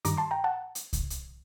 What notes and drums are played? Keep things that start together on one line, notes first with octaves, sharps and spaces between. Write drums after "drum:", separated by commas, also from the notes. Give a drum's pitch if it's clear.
G2 D#3 G3 A#5 D6, drum: hi-hat
A5 C6
G5 A#5
F#5 A5
drum: hi-hat
drum: kick C2, hi-hat
drum: hi-hat